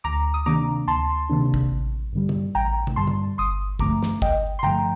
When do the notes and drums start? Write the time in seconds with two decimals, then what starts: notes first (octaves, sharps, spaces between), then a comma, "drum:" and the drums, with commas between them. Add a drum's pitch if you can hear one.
0.04 D2 A#5 D6
0.34 D#6
0.46 C3 D#3 A#3 D4 A#5 D6
0.88 D2 A5 C6
1.30 C3 D#3 A#3 D4
1.54 drum: kick
1.71 A1
2.13 G2 D3 G3
2.29 drum: tom
2.55 A1 G5 A#5
2.87 drum: tom
2.96 G2 D3 G3 A5 C6
3.07 drum: tom
3.38 G1 C6 D#6
3.79 G2 D3 F3 A3 A#5 D6, drum: kick
4.03 drum: snare
4.22 G1 D#5 G5, drum: kick
4.59 C6
4.63 G2 D3 F3 A3 G5 A#5, drum: tom